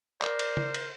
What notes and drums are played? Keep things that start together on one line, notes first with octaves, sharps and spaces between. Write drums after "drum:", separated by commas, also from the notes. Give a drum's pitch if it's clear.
A#4 C5 D5, drum: clap
drum: cymbal
drum: tom C#3
drum: cymbal